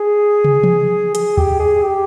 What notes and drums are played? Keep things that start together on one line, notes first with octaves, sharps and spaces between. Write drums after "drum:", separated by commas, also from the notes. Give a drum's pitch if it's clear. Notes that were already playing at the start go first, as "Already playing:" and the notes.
Already playing: G#4
drum: tom
drum: tom E3
G#4, drum: hi-hat
G4, drum: kick
G#4
G4